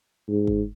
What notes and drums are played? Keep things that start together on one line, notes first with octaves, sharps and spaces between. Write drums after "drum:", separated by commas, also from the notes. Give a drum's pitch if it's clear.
G#2
drum: kick